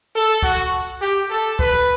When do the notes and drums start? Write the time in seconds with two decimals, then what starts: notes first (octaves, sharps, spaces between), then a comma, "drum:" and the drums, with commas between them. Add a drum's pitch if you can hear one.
0.14 A4
0.42 F#4, drum: kick
1.00 G4
1.30 A4
1.59 B4, drum: kick